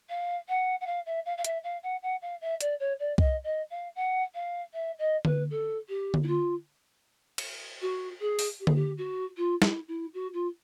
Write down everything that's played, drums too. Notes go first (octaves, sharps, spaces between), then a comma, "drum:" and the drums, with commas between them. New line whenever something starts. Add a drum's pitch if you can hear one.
F5
F#5
F#5
F5
E5
F5
F5
E5, drum: hi-hat
F5
F#5
F#5
F5
E5
D5, drum: hi-hat
C#5
D5
D#5, drum: kick C2
D#5
F5
F#5
F5
E5
D#5
B4, drum: tom D3
A4
G4
drum: tom D3
E4
F4
drum: cymbal
F#4
G#4
drum: open hi-hat
G4
G#4, drum: tom D3
G4
F#4
F4
E4, drum: snare
E4
F#4
F4